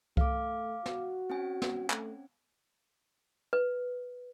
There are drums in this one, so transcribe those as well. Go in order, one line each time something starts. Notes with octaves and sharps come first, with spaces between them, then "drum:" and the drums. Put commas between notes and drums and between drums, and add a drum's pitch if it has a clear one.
A3 F5 D6, drum: kick C2
F#4, drum: snare
C4 C#4 G#5
drum: snare
A3, drum: clap
B4